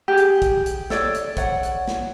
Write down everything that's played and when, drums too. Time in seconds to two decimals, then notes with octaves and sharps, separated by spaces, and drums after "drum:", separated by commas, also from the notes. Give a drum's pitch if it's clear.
0.08 G4 G#4
0.18 drum: hi-hat
0.42 drum: kick, hi-hat
0.66 drum: hi-hat
0.90 A4 C#5 D5, drum: snare
1.15 drum: hi-hat
1.37 C#5 F#5, drum: kick, hi-hat
1.63 drum: hi-hat
1.88 drum: snare